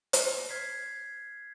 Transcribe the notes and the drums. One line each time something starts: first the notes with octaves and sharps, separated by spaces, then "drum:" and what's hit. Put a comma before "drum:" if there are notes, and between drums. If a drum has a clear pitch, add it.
drum: hi-hat
F6 G#6 B6 C7